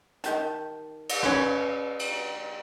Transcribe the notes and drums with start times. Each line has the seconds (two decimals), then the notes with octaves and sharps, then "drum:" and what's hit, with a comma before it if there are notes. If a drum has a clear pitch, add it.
0.24 D#3 G4 A5, drum: hi-hat
1.09 drum: cymbal
1.23 C#4 B4, drum: rim click
1.99 drum: cymbal